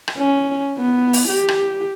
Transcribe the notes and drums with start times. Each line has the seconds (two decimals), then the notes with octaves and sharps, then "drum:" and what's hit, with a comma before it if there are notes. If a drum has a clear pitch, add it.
0.08 drum: rim click
0.18 C#4
0.78 B3
1.13 drum: open hi-hat
1.29 G4
1.48 drum: rim click